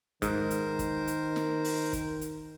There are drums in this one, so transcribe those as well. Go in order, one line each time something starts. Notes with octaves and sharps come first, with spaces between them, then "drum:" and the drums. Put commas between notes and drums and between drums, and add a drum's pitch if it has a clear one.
G#2 D#3 A#4 C5, drum: kick, hi-hat
drum: hi-hat
drum: kick, hi-hat
drum: hi-hat
drum: snare
drum: open hi-hat
drum: kick, hi-hat
drum: hi-hat